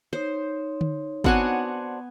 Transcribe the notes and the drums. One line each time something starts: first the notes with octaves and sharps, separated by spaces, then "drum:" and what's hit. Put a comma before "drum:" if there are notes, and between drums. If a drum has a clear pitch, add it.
D#4 C5 C#5
drum: tom D3
B3 C4 D4 F#4 F#5 G#5, drum: kick